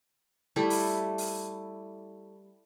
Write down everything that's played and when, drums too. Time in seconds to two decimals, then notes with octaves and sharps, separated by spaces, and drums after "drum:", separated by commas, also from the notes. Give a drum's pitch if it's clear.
0.56 G3 A3 E4
0.70 drum: open hi-hat
1.18 drum: open hi-hat